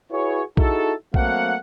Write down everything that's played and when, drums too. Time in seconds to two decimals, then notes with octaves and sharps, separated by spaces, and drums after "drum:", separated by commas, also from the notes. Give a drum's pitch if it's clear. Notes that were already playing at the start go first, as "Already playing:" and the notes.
0.11 E4 F#4 G#4 B4 C#5
0.57 D#4 E4 F#4 G#4 A4, drum: kick A#1
1.14 F#3 A3 A#3 C4 F5 F#5, drum: kick A#1